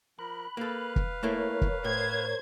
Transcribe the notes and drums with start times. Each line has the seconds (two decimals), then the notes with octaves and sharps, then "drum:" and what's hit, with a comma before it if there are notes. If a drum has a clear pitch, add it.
0.19 F3 A#4 B5 F#6
0.57 A#3 A4 B4 F5
0.96 drum: kick
1.23 A3 A#3 E4 A#4 C#5
1.61 drum: kick
1.84 A2 C5 G#6